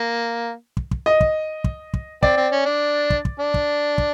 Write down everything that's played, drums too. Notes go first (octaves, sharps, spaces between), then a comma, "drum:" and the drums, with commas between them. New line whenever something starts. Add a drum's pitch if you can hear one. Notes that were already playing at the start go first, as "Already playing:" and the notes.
Already playing: A#3
drum: kick
drum: kick
D#5
drum: kick
drum: kick
drum: kick
C4 D5, drum: kick
C4
C#4
D4
drum: kick
drum: kick
D4
drum: kick
drum: kick